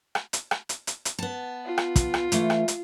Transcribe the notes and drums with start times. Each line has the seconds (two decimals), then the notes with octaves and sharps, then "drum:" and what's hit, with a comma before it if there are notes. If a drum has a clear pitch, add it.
0.15 drum: rim click
0.33 drum: hi-hat
0.51 drum: rim click
0.69 drum: hi-hat
0.87 drum: hi-hat
1.05 drum: hi-hat
1.19 B3 A5
1.65 F4
1.78 drum: rim click
1.96 drum: kick, hi-hat
2.14 drum: rim click
2.32 E3 A3, drum: hi-hat
2.50 drum: rim click
2.68 drum: hi-hat